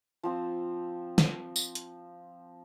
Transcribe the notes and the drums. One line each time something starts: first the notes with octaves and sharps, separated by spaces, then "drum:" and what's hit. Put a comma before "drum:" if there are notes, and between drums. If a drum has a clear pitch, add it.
F3 C4
drum: snare
drum: tambourine
drum: hi-hat